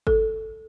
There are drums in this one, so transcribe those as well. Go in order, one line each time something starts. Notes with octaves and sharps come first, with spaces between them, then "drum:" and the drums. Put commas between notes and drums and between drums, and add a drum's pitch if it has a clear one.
A4, drum: kick G#1